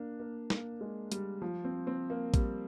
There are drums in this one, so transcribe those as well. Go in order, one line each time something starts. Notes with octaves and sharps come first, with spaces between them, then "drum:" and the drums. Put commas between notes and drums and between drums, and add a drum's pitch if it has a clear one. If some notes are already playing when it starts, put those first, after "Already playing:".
Already playing: A#3 D4
A#3
A#3, drum: snare
G#3
G3, drum: hi-hat
F3
C4
C4
A#3
G3, drum: kick A1, hi-hat